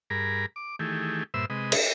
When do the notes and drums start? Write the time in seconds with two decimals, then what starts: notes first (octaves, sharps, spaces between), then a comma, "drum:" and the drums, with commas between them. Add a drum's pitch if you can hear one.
0.10 G2 G#4 A#4 A#5 B5
0.56 D6
0.79 D#3 E3 A3 G4 G#4
1.34 G2 A#2 B4 C5 E5 E6
1.50 C3 G#3 B4 D#5
1.72 drum: cymbal